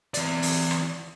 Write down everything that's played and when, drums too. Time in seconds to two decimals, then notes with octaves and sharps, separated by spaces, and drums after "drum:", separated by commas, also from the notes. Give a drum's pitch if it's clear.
0.14 E3 D5, drum: hi-hat
0.42 drum: open hi-hat
0.71 drum: rim click